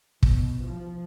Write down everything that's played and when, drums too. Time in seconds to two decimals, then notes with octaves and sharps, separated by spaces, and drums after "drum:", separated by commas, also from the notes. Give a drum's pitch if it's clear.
0.23 B2, drum: kick
0.62 F3